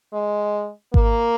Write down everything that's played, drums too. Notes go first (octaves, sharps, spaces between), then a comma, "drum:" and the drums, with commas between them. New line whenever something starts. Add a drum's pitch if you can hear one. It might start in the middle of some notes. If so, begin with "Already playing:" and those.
G#3
A#3, drum: kick G#1